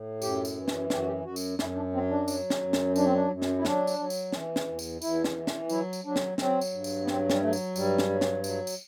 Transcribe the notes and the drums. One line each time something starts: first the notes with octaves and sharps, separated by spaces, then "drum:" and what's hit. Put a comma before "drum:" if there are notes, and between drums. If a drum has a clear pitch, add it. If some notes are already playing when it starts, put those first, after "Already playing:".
Already playing: A2
F#2 G4, drum: tambourine
drum: tambourine
E3
drum: snare
F#2 G4, drum: snare
F#4
G4
F#2 F#4
drum: tambourine
F#2 E4, drum: snare
D4
F#3 C4
D4
F#3, drum: tambourine
drum: snare
F#2
drum: snare
F#3 D4, drum: tambourine
C4
D4
F#2
drum: snare
E4
F#3 D4, drum: snare
drum: tambourine
F#3
drum: tambourine
E3, drum: snare
drum: snare
E2
drum: tambourine
E2 E4, drum: tambourine
drum: snare
E3
drum: snare
F#3 E4, drum: tambourine
drum: tambourine
F#3 D4
drum: snare
F#3 C4, drum: snare
drum: tambourine
G2
drum: tambourine
B3
F#3 C4, drum: snare
G3, drum: snare
F#3 A3
drum: tambourine
G2 G3, drum: tambourine
drum: snare
F#3
drum: snare
F#3, drum: tambourine
drum: tambourine